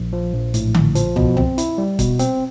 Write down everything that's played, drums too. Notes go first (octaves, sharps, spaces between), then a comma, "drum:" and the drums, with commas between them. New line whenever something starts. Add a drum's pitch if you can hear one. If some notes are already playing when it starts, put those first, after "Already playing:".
Already playing: A#1
F3
A#1
A2, drum: hi-hat
A#1, drum: tom D3
F3, drum: hi-hat
B2, drum: tom
C4, drum: tom
E4, drum: hi-hat
G3
B2, drum: kick, hi-hat
C4, drum: hi-hat